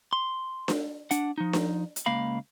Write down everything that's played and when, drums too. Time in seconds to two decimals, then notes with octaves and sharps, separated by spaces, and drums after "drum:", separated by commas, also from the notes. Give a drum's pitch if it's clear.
0.13 C6
0.68 drum: snare D4
1.11 D4 F#5, drum: hi-hat
1.38 F3 D#4
1.53 drum: snare D4
1.96 drum: hi-hat
2.06 C#2 A#3 F5 B5